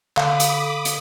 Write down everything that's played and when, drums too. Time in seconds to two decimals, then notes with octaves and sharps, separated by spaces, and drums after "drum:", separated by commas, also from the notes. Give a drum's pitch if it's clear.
0.17 D3 F5 B5 D6 D#6, drum: clap
0.40 drum: hi-hat
0.85 drum: hi-hat